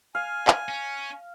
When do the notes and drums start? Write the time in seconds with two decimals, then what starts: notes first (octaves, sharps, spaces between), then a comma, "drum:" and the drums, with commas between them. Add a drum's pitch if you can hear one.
0.15 F5 G#5
0.47 drum: clap
0.69 C#4